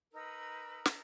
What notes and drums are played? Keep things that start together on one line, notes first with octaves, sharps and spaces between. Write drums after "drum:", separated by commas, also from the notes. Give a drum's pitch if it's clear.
D#4 A#4 B4 E6
drum: snare